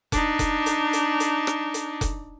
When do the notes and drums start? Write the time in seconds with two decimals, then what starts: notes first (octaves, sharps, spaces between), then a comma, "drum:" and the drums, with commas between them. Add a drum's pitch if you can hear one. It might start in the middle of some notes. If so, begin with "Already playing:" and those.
0.12 D4 D#4, drum: kick F1, hi-hat
0.39 drum: kick F1, hi-hat
0.66 drum: hi-hat
0.93 drum: hi-hat
1.20 drum: hi-hat
1.47 drum: rim click
1.74 drum: hi-hat
2.01 drum: kick F1, hi-hat